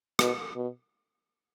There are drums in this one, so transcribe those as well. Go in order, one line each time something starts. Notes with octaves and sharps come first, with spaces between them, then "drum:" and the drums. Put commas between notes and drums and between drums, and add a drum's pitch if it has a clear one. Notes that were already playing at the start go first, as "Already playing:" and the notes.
B2, drum: rim click
B2